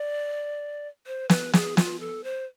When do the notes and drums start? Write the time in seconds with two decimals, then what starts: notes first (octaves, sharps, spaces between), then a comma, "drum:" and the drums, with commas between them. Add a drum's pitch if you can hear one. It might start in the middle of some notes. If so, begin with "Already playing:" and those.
Already playing: D5
1.06 C5
1.29 B4, drum: snare
1.53 G#4, drum: snare
1.77 F4, drum: snare
2.00 A4
2.24 C5